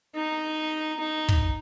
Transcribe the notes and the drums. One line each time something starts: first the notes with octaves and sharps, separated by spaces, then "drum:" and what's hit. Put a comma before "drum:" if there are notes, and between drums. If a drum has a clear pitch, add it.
D#4
D#4
drum: kick